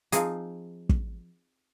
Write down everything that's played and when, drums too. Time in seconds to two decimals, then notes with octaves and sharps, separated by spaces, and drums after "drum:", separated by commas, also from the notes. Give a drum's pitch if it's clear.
0.12 F3 C4 D#4 G#4, drum: hi-hat
0.89 drum: kick